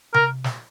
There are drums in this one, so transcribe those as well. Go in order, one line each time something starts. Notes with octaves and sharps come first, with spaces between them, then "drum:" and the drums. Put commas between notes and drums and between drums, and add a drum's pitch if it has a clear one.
A#4, drum: tom C3
drum: snare